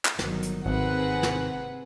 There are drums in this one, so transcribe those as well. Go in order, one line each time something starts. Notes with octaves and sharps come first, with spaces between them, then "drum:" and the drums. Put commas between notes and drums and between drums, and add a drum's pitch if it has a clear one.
drum: clap
G1 D#3 F#3, drum: snare
drum: hi-hat
G#1 C3 C4 G#4 B4 F#5
drum: snare